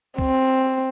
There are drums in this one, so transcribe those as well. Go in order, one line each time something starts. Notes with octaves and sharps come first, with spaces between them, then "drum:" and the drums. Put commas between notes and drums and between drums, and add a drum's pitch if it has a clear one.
C4, drum: kick